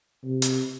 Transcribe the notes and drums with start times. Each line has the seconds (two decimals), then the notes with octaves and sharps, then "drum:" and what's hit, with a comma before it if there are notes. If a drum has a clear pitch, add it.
0.24 C3
0.42 drum: hi-hat